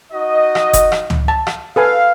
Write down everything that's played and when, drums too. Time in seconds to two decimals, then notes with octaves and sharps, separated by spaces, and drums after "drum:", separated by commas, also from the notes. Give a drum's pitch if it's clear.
0.12 D#4 F#4 D#5
0.55 drum: rim click
0.73 drum: kick F1, hi-hat
0.92 drum: rim click
1.10 drum: tom C#2
1.28 A5
1.47 drum: rim click
1.76 A4 B4 F5 G#5